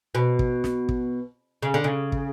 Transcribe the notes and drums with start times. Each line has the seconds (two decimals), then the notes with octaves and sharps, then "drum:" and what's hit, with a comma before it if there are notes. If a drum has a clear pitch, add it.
0.15 B2
0.39 drum: kick
0.64 drum: snare
0.89 drum: kick
1.62 C#3
1.74 D3
1.84 C#3
2.12 drum: kick